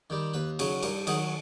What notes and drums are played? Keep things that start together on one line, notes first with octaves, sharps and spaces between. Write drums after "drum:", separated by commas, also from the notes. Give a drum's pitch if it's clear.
D#3 G3
D#2 B4
C#3 F#3, drum: cymbal
G2 A#4, drum: cymbal
D#3 F#3 G#4, drum: cymbal